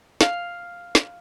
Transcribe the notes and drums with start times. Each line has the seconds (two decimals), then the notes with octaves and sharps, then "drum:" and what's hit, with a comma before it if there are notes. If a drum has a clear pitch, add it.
0.21 F5, drum: snare
0.95 drum: snare